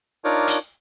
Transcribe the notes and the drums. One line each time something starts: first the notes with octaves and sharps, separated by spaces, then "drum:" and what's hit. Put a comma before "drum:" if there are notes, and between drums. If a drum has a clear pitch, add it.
D4 D#4 F4 A#4 C#5 D5
drum: hi-hat